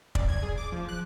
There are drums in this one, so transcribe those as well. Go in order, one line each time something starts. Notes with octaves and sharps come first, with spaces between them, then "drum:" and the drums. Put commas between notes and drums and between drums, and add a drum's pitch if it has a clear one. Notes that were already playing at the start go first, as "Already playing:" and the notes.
D5, drum: kick
G#6
G#4
D6
F3
F#6